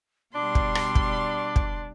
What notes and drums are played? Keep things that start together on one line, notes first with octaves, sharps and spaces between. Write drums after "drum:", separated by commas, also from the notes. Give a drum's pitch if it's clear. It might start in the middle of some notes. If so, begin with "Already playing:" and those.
B2 G3 D4 C6 D6
drum: kick
drum: rim click
drum: kick
drum: kick